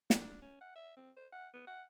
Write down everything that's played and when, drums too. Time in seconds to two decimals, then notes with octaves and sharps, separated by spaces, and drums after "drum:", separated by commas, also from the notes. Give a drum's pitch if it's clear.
0.10 D4, drum: snare
0.42 C#4
0.61 F#5
0.76 E5
0.96 C4
1.17 C5
1.33 F#5
1.53 B3
1.67 F#5